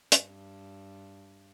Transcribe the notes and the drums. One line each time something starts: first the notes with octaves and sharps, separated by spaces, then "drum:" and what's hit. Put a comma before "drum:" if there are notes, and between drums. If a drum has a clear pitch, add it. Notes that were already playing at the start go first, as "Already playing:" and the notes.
G2, drum: hi-hat